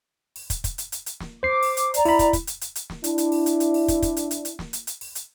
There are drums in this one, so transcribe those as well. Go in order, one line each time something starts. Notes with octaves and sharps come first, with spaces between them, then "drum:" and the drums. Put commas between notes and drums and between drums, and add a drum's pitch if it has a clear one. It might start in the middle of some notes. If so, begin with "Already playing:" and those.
drum: open hi-hat
drum: kick, hi-hat
drum: kick, hi-hat
drum: hi-hat
drum: hi-hat
drum: hi-hat
drum: snare
C5 D6 C7
drum: open hi-hat
drum: hi-hat
D5 A#5, drum: hi-hat
E4 B5, drum: open hi-hat
drum: kick, hi-hat
drum: kick, hi-hat
drum: hi-hat
drum: hi-hat
drum: hi-hat
drum: snare
D4 E4, drum: hi-hat
drum: hi-hat
drum: open hi-hat
drum: hi-hat
drum: hi-hat
drum: open hi-hat
drum: kick, hi-hat
drum: kick, hi-hat
drum: hi-hat
drum: hi-hat
drum: hi-hat
drum: snare
drum: hi-hat
drum: hi-hat
drum: open hi-hat
drum: hi-hat